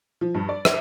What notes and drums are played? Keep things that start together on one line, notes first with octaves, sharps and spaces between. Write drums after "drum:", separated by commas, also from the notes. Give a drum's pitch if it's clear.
F3
G2
D5
E5, drum: rim click